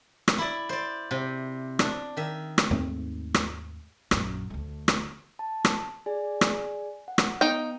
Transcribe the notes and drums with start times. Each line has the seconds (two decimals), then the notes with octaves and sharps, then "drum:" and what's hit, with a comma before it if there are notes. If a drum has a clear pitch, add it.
0.28 drum: rim click
0.38 E4 D5
0.69 C5 D5
1.11 C3
1.79 D4, drum: rim click
2.17 D#3 E5
2.58 drum: rim click
2.71 D#2 G#2 A3 C4
3.34 drum: rim click
4.11 A#1 F#2, drum: rim click
4.50 D2 A3
4.88 drum: rim click
5.39 A5
5.65 drum: rim click
6.06 G#4 D5 G#5
6.41 drum: rim click
7.08 F#5
7.18 drum: rim click
7.41 B3 D#4 G5